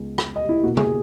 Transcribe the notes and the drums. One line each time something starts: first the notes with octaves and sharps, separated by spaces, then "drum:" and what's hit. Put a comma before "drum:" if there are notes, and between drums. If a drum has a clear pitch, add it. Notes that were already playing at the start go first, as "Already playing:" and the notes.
Already playing: C#2 C#3 G#3 B3
drum: rim click
D#5
E4
B2 A#3 F#4
G#4, drum: tom C#3